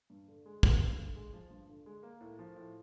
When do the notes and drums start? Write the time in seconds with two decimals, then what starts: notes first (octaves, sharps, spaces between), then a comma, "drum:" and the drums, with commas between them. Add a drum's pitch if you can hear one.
0.10 G2
0.28 D3
0.46 G#3
0.63 F3, drum: kick
0.80 G2
0.98 D3
1.16 G#3
1.33 F3
1.51 G2
1.69 D3
1.86 G#3
2.03 A#3
2.21 A2
2.39 F3
2.56 A2